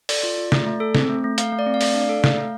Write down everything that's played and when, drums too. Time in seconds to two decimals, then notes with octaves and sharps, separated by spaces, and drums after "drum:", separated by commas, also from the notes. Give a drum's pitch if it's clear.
0.09 A4 D5, drum: open hi-hat
0.23 F4
0.38 F4
0.52 A3, drum: snare
0.67 A3
0.80 A4
0.95 C4, drum: snare
1.09 A3
1.24 A3
1.38 A3 F5, drum: hi-hat
1.52 A3
1.59 D5
1.67 C4
1.74 F5
1.81 A3 D5, drum: open hi-hat
1.94 D4 F5
2.01 D5
2.09 A4
2.24 A3 F5, drum: snare
2.38 A3